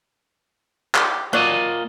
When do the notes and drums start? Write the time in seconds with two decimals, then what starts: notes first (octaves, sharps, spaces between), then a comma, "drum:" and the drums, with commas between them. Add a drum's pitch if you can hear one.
0.95 G4, drum: clap
1.33 F#3 A#3 F4 D5 D#5